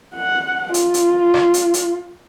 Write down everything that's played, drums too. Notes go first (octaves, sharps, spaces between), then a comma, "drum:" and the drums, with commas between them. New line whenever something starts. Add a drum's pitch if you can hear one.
F#5
F4, drum: hi-hat
drum: hi-hat
drum: rim click
drum: hi-hat
drum: hi-hat